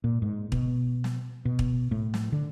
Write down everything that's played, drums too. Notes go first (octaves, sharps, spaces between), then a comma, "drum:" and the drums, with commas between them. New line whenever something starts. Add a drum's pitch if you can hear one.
A#2
G#2
B2, drum: kick
drum: snare
B2
drum: kick
A2
drum: snare
D3